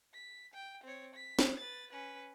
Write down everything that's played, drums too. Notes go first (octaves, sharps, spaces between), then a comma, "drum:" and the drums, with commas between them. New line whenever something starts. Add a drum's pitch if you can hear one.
B6
G5
C4 C#5
B6
drum: snare
B4 A6
C#4 B4